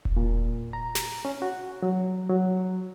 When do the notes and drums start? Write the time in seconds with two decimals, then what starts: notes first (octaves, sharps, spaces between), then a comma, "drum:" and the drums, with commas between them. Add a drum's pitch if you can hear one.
0.05 drum: kick E1
0.17 A#2
0.73 A#5
0.95 drum: snare
1.25 C#4
1.42 F#4
1.83 F#3
2.29 F#3